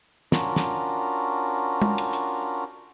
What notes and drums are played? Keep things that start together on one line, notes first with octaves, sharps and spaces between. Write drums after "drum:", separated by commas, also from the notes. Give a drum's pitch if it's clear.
C#4 D4 F4 F#4 A#4, drum: snare
drum: snare
drum: tom
drum: cymbal
drum: hi-hat